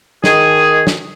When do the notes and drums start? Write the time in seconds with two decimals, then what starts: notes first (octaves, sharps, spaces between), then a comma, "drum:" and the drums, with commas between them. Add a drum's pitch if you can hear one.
0.24 D#3 G#4, drum: snare
0.87 drum: snare